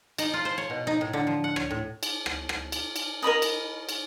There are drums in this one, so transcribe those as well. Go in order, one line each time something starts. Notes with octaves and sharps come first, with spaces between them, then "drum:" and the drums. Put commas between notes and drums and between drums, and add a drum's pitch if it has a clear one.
D#4, drum: cymbal
F4
C5
C#5
B2
D#4
A2
D3
F3
F#5
C#5, drum: rim click
A2
drum: cymbal
drum: rim click
drum: rim click
drum: cymbal
drum: cymbal
A#4 D#5 B5 D#6
drum: cymbal
drum: cymbal